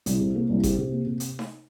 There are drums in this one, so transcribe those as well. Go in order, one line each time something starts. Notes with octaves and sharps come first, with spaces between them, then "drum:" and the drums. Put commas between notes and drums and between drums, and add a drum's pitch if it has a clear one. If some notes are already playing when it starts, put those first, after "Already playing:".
C2, drum: hi-hat
C3
A#3
C2
C3, drum: kick G#1, hi-hat
C3
A#3
C3
drum: hi-hat
drum: snare D#4